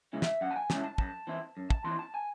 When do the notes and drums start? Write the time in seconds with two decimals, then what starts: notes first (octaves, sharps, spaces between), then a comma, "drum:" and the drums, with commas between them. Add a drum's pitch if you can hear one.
0.13 C#3 G#3 C#4 E4
0.22 E5, drum: snare
0.41 F#2 F#5
0.51 A5
0.56 G#5
0.70 C#3 G#3 C#4 E4 A5, drum: snare
0.84 A5
0.98 F#2 A5, drum: kick
1.27 E3 C4 E4
1.57 F#2
1.70 A5, drum: kick
1.84 E3 C4 E4 C6
1.99 A5
2.14 G#5